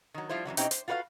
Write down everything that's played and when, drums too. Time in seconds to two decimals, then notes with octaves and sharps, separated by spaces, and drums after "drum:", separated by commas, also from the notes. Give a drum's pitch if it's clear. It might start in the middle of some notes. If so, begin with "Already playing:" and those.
0.14 D#3 F#3
0.29 F3 G3 E4 F4 C5
0.45 F#2 A#2 E3 F#3
0.57 B2 C4 C#4 D#4 E4 G4, drum: hi-hat
0.71 C5, drum: hi-hat
0.88 F4 F#4 B4 C#5 F5